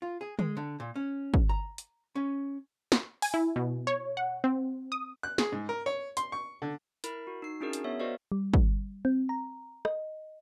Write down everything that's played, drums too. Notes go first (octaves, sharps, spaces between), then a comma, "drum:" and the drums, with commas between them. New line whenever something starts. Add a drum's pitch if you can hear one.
F4
G#4
G#3, drum: tom D3
D3
A#2
C#4
drum: kick
A#5
drum: hi-hat
C#4
drum: snare
G#5, drum: open hi-hat
E4
B2
C#5
F#5
C4
D#6
F#6
G#4, drum: snare
G#2
A#4
C#5
C6, drum: hi-hat
C#6
D3
E4 A#4 B5, drum: hi-hat
F#4
D#4 C7
C#4 D4 E4 F#4 G#4 A#4
drum: hi-hat
B3 C#5 E5
F#4 A#4 C5 D5 D#5 F5
G3
drum: kick
C4
A#5
D#5, drum: rim click